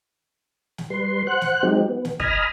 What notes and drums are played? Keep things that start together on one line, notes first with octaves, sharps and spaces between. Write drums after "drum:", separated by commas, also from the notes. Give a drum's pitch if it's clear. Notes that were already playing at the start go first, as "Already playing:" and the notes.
drum: snare
G3 B4 C6
C5 F#5 F#6
drum: snare
F#3 G#3 C4 D#4 G4
B3
drum: snare
D#5 G#5 A#5 B5 D#6 F6, drum: kick